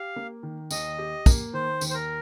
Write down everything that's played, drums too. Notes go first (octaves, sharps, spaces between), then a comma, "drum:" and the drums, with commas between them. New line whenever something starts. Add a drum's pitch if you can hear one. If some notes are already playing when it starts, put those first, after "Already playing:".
Already playing: G4 F5
A#3
D#3
D#2 D#5, drum: tambourine
G4
A#3, drum: kick, tambourine
D#3 C5
D#2, drum: tambourine
C5
A#4